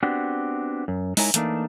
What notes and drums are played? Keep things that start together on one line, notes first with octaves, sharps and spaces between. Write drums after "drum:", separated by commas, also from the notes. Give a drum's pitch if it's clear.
B3 C4 D4 F#4 G4
F#2
G#3 D#4 E4 A#4 C#5 G#5, drum: open hi-hat
E3 A3 A#3 D4 D#4, drum: hi-hat